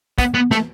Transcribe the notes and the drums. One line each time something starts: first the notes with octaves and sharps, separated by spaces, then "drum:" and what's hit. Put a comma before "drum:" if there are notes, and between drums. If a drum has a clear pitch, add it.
B3, drum: kick, hi-hat
B3
A3, drum: snare